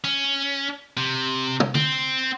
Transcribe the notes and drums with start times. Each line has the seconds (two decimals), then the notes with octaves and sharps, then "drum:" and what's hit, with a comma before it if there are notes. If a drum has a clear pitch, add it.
0.04 C#4
0.97 C3
1.60 drum: tom
1.75 C4, drum: tom D3